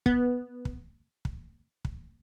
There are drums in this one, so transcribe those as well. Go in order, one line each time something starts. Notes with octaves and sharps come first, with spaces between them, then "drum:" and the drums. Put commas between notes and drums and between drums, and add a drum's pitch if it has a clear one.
B3, drum: kick
drum: kick
drum: kick
drum: kick